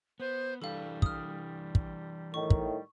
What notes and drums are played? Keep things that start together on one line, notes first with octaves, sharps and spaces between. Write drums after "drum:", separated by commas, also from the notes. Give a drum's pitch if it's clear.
B3 C5
E3 G3 D4 A4 F5
D#6 F6, drum: kick
drum: kick
A2 D#3 C#6
drum: kick